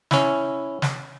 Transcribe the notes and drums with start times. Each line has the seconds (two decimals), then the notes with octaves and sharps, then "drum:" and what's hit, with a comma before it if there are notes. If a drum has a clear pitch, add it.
0.11 C#4 E4, drum: snare
0.82 drum: snare